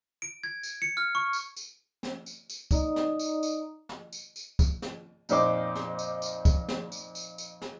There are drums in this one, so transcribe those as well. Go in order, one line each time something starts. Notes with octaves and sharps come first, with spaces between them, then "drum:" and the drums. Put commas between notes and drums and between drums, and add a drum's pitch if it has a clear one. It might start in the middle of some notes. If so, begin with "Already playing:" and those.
D7
G#6
drum: tambourine
C#7
F6
C#6
drum: tambourine
drum: tambourine
drum: snare
drum: tambourine
drum: tambourine
D#4 D5 D#5 A#5 D#6, drum: kick, tambourine
drum: snare
drum: tambourine
drum: tambourine
drum: snare
drum: tambourine
drum: tambourine
drum: kick, tambourine
drum: snare
F2 A#2 D#4 C5 D6, drum: tambourine
drum: snare
drum: tambourine
drum: tambourine
drum: kick, tambourine
drum: snare
drum: tambourine
drum: tambourine
drum: tambourine
drum: snare